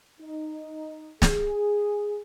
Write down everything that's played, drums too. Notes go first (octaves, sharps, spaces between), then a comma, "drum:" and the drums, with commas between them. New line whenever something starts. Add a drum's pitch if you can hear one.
D#4
G#4, drum: snare